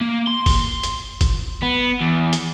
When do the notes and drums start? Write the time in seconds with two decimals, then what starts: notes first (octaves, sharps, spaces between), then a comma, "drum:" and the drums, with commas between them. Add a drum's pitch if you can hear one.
0.01 A#3
0.27 C6
0.46 drum: kick G1, open hi-hat
0.83 drum: hi-hat
1.21 drum: kick G1, hi-hat
1.63 B3
2.01 E2
2.33 drum: hi-hat